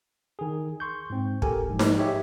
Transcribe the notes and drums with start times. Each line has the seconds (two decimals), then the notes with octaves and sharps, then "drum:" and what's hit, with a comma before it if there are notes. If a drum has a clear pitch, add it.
0.39 D#3 G#4
0.80 C6 C#6 G6
1.10 G#2 C4
1.42 G4 A4 A#4 G#5, drum: kick
1.69 G#2 F3
1.79 drum: snare D#4
1.99 G4 G#4 C#5 D#5 E5